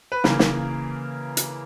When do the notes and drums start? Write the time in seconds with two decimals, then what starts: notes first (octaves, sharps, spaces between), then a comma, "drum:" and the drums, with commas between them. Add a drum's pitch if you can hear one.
0.12 B4
0.24 C#3 E3 A#3 A#4, drum: snare
0.39 drum: snare
1.37 drum: hi-hat